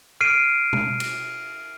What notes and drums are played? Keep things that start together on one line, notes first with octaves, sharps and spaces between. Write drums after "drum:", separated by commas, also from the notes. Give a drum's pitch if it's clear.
F6 C7 D7 D#7
drum: tom B2
drum: cymbal